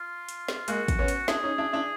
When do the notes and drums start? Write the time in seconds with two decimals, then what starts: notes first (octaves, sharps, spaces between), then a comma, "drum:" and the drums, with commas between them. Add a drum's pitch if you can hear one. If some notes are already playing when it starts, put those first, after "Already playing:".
Already playing: F4
0.29 drum: hi-hat
0.48 drum: snare
0.68 G#3 A#3 F#4, drum: hi-hat
0.88 drum: kick, hi-hat
0.99 B3 C#4
1.08 drum: hi-hat
1.28 D4 E4 G#4, drum: snare
1.43 C#4 D#4
1.58 D4 E4
1.73 D4 E4